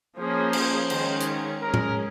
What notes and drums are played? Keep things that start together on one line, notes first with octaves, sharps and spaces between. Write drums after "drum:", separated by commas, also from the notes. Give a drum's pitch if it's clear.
F3 A#3 C#4 G#4 C5
drum: cymbal
D#3 G#3 C#4, drum: cymbal
drum: hi-hat
G#3 C#4 G#4 A#4
drum: tom